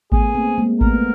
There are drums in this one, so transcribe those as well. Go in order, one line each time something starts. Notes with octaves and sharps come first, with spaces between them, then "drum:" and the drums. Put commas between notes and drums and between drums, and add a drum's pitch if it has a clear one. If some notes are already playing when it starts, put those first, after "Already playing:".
A3 B3 G#4, drum: kick G#1
A#3 C4
G#3 A#3
A3 B3 A#4, drum: kick G#1